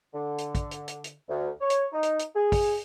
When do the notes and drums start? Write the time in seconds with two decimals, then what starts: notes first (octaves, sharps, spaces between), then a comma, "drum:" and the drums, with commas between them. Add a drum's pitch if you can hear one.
0.14 D3
0.38 drum: hi-hat
0.55 drum: kick, hi-hat
0.71 drum: hi-hat
0.88 drum: hi-hat
1.04 drum: hi-hat
1.29 D2
1.61 C#5
1.70 drum: hi-hat
1.93 D#4
2.03 drum: hi-hat
2.19 drum: hi-hat
2.36 G#4
2.52 drum: kick, open hi-hat